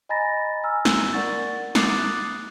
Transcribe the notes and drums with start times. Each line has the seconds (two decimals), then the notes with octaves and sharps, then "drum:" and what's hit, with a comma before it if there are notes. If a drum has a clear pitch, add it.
0.09 D#5 G#5 A#5 B5 A6 A#6
0.64 G#5 A#5 E6 F6
0.85 drum: snare
1.13 A#4 D5 F#5 C#6 A6
1.75 D6 D#6 F#6 A6 C7 C#7, drum: snare